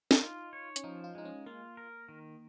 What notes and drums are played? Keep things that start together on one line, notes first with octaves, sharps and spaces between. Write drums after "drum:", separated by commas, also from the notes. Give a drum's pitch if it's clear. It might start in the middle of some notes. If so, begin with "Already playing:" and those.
C#4, drum: snare
D#4 F4
C#5
C#4, drum: hi-hat
F3 D#4
F4
G#3 D#4
C#4
A#3 F4
A#4
D#3